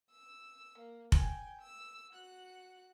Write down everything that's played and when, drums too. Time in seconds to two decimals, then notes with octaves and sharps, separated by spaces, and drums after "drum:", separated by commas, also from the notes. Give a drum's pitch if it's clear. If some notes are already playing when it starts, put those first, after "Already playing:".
0.11 E6
0.79 A#3
1.12 G5 G#5, drum: kick F1
1.62 E6
2.12 F#4 F#6